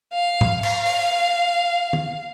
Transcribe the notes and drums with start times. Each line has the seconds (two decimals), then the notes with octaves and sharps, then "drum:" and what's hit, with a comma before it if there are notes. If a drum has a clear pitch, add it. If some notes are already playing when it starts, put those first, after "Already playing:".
0.14 F5
0.41 drum: tom G#2
0.63 F5, drum: cymbal
0.86 drum: open hi-hat
1.93 drum: tom